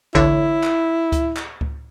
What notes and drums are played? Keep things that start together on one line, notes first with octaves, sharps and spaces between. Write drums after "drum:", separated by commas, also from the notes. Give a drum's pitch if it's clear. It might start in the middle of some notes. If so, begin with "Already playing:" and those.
A1 D3 E4 C#5, drum: kick C#2
drum: clap
drum: kick C#2, hi-hat
drum: clap
drum: kick C#2